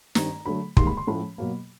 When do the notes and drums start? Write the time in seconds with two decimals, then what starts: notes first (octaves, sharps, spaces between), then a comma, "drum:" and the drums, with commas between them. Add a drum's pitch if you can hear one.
0.15 G2 D#3 G3 C4 A#5, drum: snare
0.46 D3 F#3 A3 B5
0.77 G#2 D#3 G3 A#3 C6, drum: kick
0.87 B5
0.97 C6
1.07 A2 F3 A3 C#4 B5
1.38 B2 F#3 A#3